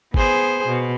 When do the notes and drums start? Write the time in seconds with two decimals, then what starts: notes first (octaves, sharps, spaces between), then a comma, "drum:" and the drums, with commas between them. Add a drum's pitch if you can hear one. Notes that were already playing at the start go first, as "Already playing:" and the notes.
0.14 B3 G#4 C5, drum: kick G#1
0.67 B2